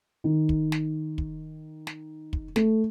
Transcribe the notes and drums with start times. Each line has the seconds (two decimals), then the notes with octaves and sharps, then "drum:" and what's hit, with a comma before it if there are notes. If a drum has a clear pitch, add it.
0.24 D#3
0.49 drum: kick
0.72 drum: snare
1.18 drum: kick
1.87 drum: snare
2.33 drum: kick
2.56 A3, drum: snare